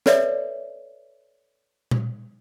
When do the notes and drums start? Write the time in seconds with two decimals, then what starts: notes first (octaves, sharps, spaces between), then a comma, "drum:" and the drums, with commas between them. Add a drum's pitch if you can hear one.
0.06 A4 B4 C#5 D5 E5, drum: snare
1.91 drum: tom A#2